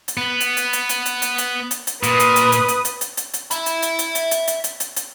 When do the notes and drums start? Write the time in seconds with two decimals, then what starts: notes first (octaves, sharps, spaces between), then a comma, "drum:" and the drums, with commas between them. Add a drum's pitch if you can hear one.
0.08 drum: hi-hat
0.17 B3
0.40 drum: hi-hat
0.57 drum: hi-hat
0.73 drum: hi-hat
0.89 drum: hi-hat
1.06 drum: hi-hat
1.22 drum: hi-hat
1.38 drum: hi-hat
1.71 drum: hi-hat
1.87 drum: hi-hat
2.03 A#2 B4 D#6, drum: hi-hat
2.20 drum: hi-hat
2.36 drum: hi-hat
2.52 drum: hi-hat
2.68 drum: hi-hat
2.85 drum: hi-hat
3.01 drum: hi-hat
3.17 drum: hi-hat
3.33 drum: hi-hat
3.51 E5 B5, drum: hi-hat
3.66 drum: hi-hat
3.82 drum: hi-hat
3.99 drum: hi-hat
4.15 drum: hi-hat
4.31 drum: hi-hat
4.47 drum: hi-hat
4.64 drum: hi-hat
4.80 drum: hi-hat
4.96 drum: hi-hat